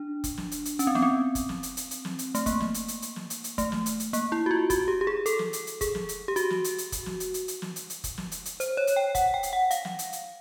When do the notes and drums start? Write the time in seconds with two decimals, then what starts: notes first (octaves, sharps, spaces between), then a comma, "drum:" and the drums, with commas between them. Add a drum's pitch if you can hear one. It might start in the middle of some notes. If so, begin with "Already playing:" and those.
Already playing: D4
0.24 drum: kick F1, hi-hat
0.38 drum: snare
0.51 drum: hi-hat
0.65 drum: hi-hat
0.79 C#4, drum: hi-hat
0.87 C4
0.95 B3, drum: snare
1.02 C4
1.35 drum: kick F1, hi-hat
1.49 drum: snare
1.63 drum: hi-hat
1.77 drum: hi-hat
1.91 drum: hi-hat
2.05 drum: snare
2.19 drum: hi-hat
2.35 A3, drum: hi-hat
2.46 A#3, drum: kick F1, hi-hat
2.60 drum: snare
2.74 drum: hi-hat
2.88 drum: hi-hat
3.02 drum: hi-hat
3.16 drum: snare
3.30 drum: hi-hat
3.44 drum: hi-hat
3.58 A3, drum: kick F1, hi-hat
3.72 drum: snare
3.86 drum: hi-hat
4.00 drum: hi-hat
4.13 A#3, drum: hi-hat
4.32 E4
4.46 F#4
4.51 F4
4.70 F#4, drum: kick F1, hi-hat
4.88 G4
5.01 G4
5.07 G#4
5.26 A4, drum: hi-hat
5.39 drum: snare
5.53 drum: hi-hat
5.67 drum: hi-hat
5.81 G#4, drum: kick F1, hi-hat
5.95 drum: snare
6.09 drum: hi-hat
6.28 G4
6.36 F#4, drum: hi-hat
6.50 drum: snare
6.64 drum: hi-hat
6.78 drum: hi-hat
6.92 drum: kick F1, hi-hat
7.06 drum: snare
7.20 drum: hi-hat
7.34 drum: hi-hat
7.48 drum: hi-hat
7.62 drum: snare
7.76 drum: hi-hat
7.90 drum: hi-hat
8.04 drum: kick F1, hi-hat
8.18 drum: snare
8.32 drum: hi-hat
8.45 drum: hi-hat
8.60 C5, drum: hi-hat
8.77 C#5
8.87 drum: hi-hat
8.96 G5
9.15 F#5, drum: kick F1, hi-hat
9.34 G5
9.43 drum: hi-hat
9.53 F#5
9.71 F5, drum: hi-hat
9.85 drum: snare
9.99 drum: hi-hat
10.13 drum: hi-hat